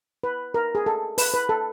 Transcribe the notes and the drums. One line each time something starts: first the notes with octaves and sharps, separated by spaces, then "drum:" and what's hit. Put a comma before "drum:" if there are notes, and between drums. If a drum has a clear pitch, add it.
B4
A#4
G#4
A4
B4, drum: open hi-hat
B4
A4